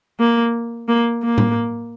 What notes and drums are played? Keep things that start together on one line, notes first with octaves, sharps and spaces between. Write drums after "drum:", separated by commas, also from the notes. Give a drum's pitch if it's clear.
A#3
A#3
A#3
drum: tom A2